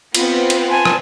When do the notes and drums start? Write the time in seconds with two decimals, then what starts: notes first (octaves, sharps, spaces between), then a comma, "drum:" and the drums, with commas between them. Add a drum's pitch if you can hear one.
0.15 B3 C4 F4, drum: cymbal
0.50 drum: cymbal
0.69 G#5 A5 C6
0.85 drum: rim click